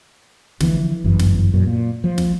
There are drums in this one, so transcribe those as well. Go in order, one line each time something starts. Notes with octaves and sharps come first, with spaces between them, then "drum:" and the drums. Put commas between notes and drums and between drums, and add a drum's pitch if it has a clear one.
D3 E3 F3, drum: snare
G1 F#2 E3
drum: snare
F#2 A#2
A#2
F3
drum: snare